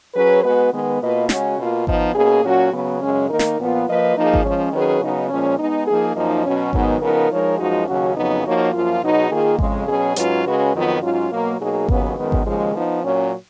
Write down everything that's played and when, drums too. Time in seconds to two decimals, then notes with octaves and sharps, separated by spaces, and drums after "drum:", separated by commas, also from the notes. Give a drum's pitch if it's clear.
0.15 F#3 C#4 G#4 B4
0.43 G#3 B3 F#4 B4
0.72 D#3 G#3 B3
1.01 B2 A#3 F4 B4 D#5
1.29 C#3 G#3 C#4 F#4, drum: snare
1.59 B2 A#3 F4
1.87 F3 B3 D#4, drum: kick G#1
2.15 B2 A#3 C#4 G#4
2.44 A#2 F#3 C#4 F#4
2.73 C#3 F#3 B3
3.01 F#2 C#3 G#3 C#4
3.30 D#3 A#3 D#4 A#4
3.39 drum: snare
3.58 A#2 F3 B3 F4
3.87 F3 A#3 F4 B4 D#5
4.16 F3 A#3 D#4 G#4
4.34 drum: kick G#1
4.44 F3 G#3 C#4
4.73 D#3 F#3 C#4 G#4 B4
5.01 C#3 F#3 B3 D#4
5.29 A#2 F3 G#3 C#4
5.58 G#3 B3 D#4
5.87 F3 A#3 D#4 G#4
6.16 F#2 F3 A#3 D#4
6.45 B2 F#3 C#4
6.73 G#2 D#3 F#3 B3 D#4, drum: kick G#1
7.01 C#3 F3 B3 D#4 A#4
7.31 F3 G#3 D#4 A#4 C#5
7.58 F#2 F3 G#3 D#4 F#4
7.87 D#2 C#3 F#3 C#4 F#4
8.16 F2 C#3 F#3 B3 D#4
8.45 F3 A#3 D#4 F#4 C#5
8.73 F#2 F3 A#3 F4
9.02 B2 F#3 B3 D#4 G#4
9.30 D#3 A#3 F4 G#4
9.59 F2 C#3 G#3, drum: kick G#1
9.88 B2 F#3 C#4 G#4
10.16 G#2 F#3 C#4 F4 B4, drum: hi-hat
10.45 C#3 G#3 C#4 F#4 B4
10.74 F2 D#3 F#3 B3 F4
11.02 G#2 F#3 C#4 F4
11.31 B2 F#3 A#3
11.59 B2 F#3 A#3 D#4 G#4
11.89 D#2 C#3 F#3 B3, drum: kick G#1
12.16 F#2 D#3 G#3 B3
12.32 drum: kick G#1
12.45 D#2 C#3 F3 G#3
12.74 F3 B3 D#4
13.03 A#2 F#3 C#4